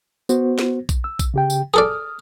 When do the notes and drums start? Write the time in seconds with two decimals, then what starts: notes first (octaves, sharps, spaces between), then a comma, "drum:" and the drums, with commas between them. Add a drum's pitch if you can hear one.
0.29 B3 F#4 C5, drum: tambourine
0.59 drum: snare
0.89 drum: kick A#1, tambourine
1.04 E6
1.19 drum: kick A#1, tambourine
1.34 C#3 G4 G5
1.50 drum: tambourine
1.74 G#4 A4 D5 D#6 F6